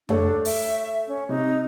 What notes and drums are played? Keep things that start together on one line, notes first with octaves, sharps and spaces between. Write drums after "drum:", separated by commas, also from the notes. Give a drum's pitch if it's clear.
A3 D4 A4 C#5, drum: tom F2
E5, drum: open hi-hat
C#4
C3 D#4